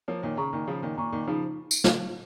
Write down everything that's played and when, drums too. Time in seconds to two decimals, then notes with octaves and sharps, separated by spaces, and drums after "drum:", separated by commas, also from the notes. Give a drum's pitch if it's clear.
0.08 F3 A#3 C#5
0.23 A#2 D#3
0.37 C#3 A#5 C#6
0.53 A#2 D#3
0.67 C#3 F3 C#5
0.82 A#2 D#3
0.97 A#2 A#5 C#6
1.12 A#2 D#3
1.27 C#3 F3 D#4
1.71 drum: tambourine
1.84 drum: snare